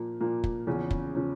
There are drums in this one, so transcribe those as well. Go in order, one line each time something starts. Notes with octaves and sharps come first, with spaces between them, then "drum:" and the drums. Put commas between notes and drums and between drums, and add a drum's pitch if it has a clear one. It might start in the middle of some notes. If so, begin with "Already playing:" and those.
Already playing: A#2 F3 A#3
A#2 F3 A#3
drum: kick
E2 C#3 F3 C#4
drum: kick
C#3 F3 C#4